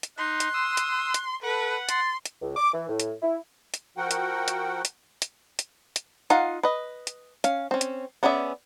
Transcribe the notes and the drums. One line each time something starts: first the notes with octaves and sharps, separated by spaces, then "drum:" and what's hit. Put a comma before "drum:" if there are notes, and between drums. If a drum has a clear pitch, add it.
drum: hi-hat
D#4 C6 F#6
drum: hi-hat
D#6 E6
drum: hi-hat
drum: hi-hat
A4 B4 F#5
C6 A6, drum: hi-hat
drum: hi-hat
C#2
D6
E3
A2
drum: hi-hat
E4
drum: hi-hat
F3 F#4 A#4 F#5 G5
drum: hi-hat
drum: hi-hat
drum: hi-hat
drum: hi-hat
drum: hi-hat
drum: hi-hat
D#4 F4 F5 F#5, drum: hi-hat
B4 D#5
drum: hi-hat
C#4 F5, drum: hi-hat
C4 C#4
drum: hi-hat
B3 C#4 G#4 D5 E5